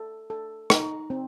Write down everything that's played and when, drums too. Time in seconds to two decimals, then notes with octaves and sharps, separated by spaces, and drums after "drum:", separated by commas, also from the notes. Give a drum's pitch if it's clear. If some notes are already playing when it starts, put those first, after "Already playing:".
Already playing: A4
0.30 A4
0.70 D#4, drum: rim click
1.10 C4